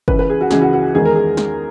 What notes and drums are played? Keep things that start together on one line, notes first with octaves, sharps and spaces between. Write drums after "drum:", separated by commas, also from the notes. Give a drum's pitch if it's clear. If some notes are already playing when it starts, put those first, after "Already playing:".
C#2 C#3 E3 B4, drum: kick F#1
B4
G#4
F#4
C#2 C#3 E3 G#4, drum: snare
F#4
F#4
E2 D#3 G#3 G#4
A#4
G#4
drum: snare